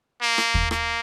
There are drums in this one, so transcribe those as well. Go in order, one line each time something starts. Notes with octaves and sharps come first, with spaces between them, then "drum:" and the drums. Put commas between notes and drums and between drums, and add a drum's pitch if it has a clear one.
A#3
drum: rim click
drum: kick
A#3, drum: rim click